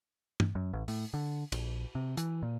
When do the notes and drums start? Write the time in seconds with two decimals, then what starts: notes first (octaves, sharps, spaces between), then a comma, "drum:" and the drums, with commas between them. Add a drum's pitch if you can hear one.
0.40 drum: tom G2
0.55 F#2
0.73 A1
0.88 A2, drum: open hi-hat
1.14 D3
1.52 A#1, drum: cymbal
1.95 C3
2.17 E3, drum: hi-hat
2.43 A#2